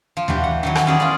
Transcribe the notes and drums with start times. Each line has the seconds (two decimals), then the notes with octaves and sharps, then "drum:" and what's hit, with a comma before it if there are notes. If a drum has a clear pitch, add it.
0.17 F3
0.28 E3 D4 F#4 G4, drum: tom D#2
0.44 F#5
0.63 D#3 E3 F#3
0.75 drum: rim click
0.86 B3 C#4 G#4 D5
1.00 F4 D5